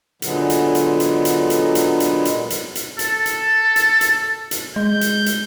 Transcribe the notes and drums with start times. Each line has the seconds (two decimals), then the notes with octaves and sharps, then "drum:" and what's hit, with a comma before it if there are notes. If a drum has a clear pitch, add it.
0.22 A#2 D3 F#3 G#3 B3, drum: hi-hat
0.50 drum: hi-hat
0.75 drum: hi-hat
1.00 drum: hi-hat
1.25 drum: hi-hat
1.50 drum: hi-hat
1.75 drum: hi-hat
2.00 drum: hi-hat
2.25 drum: hi-hat
2.50 drum: hi-hat
2.75 drum: hi-hat
2.99 A4, drum: hi-hat
3.26 drum: hi-hat
3.76 drum: hi-hat
4.01 drum: hi-hat
4.51 drum: hi-hat
4.76 G#3 G6
5.01 drum: hi-hat
5.26 drum: hi-hat